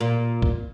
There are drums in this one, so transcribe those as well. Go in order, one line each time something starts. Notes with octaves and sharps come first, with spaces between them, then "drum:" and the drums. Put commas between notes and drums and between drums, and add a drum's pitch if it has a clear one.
A#2
drum: kick